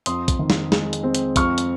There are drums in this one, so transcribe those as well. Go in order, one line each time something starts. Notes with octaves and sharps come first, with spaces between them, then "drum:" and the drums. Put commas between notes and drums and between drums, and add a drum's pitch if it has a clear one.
F2 C6 D#6, drum: hi-hat
drum: kick, hi-hat
D#3
drum: snare
G#3, drum: snare
drum: hi-hat
C4
drum: hi-hat
F2 C#6 F6, drum: kick, hi-hat
drum: hi-hat